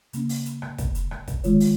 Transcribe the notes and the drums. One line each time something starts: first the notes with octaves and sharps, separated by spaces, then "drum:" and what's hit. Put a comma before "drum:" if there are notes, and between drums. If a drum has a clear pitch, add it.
C#3 A#3 C#4, drum: hi-hat
drum: open hi-hat
drum: hi-hat
drum: rim click
drum: kick, hi-hat
drum: hi-hat
drum: rim click
drum: kick, hi-hat
D#3 G#3 F4 C#5, drum: hi-hat
drum: open hi-hat